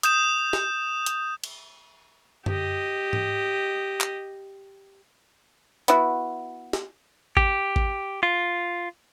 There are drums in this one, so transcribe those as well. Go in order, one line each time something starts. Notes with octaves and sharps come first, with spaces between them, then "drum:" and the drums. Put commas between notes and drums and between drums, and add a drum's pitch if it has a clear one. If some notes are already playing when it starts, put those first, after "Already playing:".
D#6 G6 E7, drum: hi-hat
drum: snare
drum: hi-hat
drum: cymbal
G4 D#5, drum: tom F#2
drum: tom G#2
drum: clap
B3 E4 F#4, drum: hi-hat
drum: snare
G4, drum: kick G#1
drum: kick G#1
F4